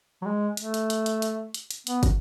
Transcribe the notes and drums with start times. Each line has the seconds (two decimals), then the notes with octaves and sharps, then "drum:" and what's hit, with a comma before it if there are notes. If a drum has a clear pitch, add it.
0.22 F#3
0.26 G#3
0.57 A3, drum: hi-hat
0.74 drum: hi-hat
0.90 drum: hi-hat
1.06 drum: hi-hat
1.22 drum: hi-hat
1.54 drum: hi-hat
1.71 drum: hi-hat
1.87 B3, drum: hi-hat
2.03 drum: kick, hi-hat